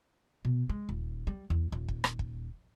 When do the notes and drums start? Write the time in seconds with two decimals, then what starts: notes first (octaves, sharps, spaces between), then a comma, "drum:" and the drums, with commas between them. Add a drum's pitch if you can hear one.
0.45 B2
0.69 G#3
0.89 D#1
1.27 G3
1.50 E2
1.72 D#1
1.88 drum: kick
2.04 drum: rim click
2.19 drum: kick